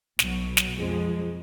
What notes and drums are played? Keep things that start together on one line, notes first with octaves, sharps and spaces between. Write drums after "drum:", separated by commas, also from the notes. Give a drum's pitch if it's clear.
B1 B2 F#3, drum: snare
drum: snare
F2 F3 G#3